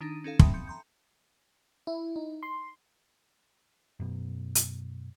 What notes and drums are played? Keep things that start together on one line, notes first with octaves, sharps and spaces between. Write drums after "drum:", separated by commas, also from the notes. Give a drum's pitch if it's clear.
D#3 D4 D#4 A6 D#7
C#4 D#4 A4 F5
E5 G5 A5 B5 C6 D#6, drum: kick
C6 G6 C#7
A#5 C6 G6
E4
D#4
C6
F#2 B2
drum: hi-hat